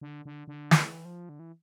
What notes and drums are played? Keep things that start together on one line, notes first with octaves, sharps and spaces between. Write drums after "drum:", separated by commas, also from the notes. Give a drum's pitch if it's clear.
D3
D3
D3
E3, drum: snare
F3
D3
E3